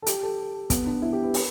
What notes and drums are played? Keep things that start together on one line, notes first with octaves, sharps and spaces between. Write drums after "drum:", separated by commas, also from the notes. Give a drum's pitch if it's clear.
A4
G4, drum: hi-hat
A4
B3, drum: kick, hi-hat
D4
E4
G4
B4
B4, drum: open hi-hat